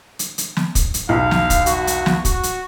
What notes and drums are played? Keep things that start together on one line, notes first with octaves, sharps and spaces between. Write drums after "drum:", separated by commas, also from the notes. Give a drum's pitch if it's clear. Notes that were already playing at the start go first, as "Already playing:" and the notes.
drum: hi-hat
drum: hi-hat
drum: snare
drum: kick, hi-hat
drum: hi-hat
B1 E2 F5
drum: snare
drum: kick, hi-hat
F#4, drum: hi-hat
drum: hi-hat
drum: snare
F#4, drum: kick, hi-hat
drum: hi-hat